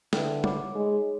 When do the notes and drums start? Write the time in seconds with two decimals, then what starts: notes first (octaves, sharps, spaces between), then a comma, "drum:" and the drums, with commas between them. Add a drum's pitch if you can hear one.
0.13 D3 B4 E5 G5, drum: snare
0.44 C#5 F#5 B5 D6, drum: tom
0.75 G#3 D#4 G#4 C#5